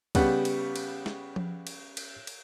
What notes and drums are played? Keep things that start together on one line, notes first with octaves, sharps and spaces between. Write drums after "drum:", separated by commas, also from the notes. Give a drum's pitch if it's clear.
C#3 G3 B3 F#5, drum: kick, cymbal
drum: cymbal
drum: cymbal
drum: snare
drum: tom F3
drum: cymbal
drum: cymbal
drum: cymbal